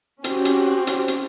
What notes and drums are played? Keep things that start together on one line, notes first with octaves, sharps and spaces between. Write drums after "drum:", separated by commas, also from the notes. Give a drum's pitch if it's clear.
C4 C#4 F#4 G4, drum: hi-hat
drum: hi-hat
drum: hi-hat
drum: hi-hat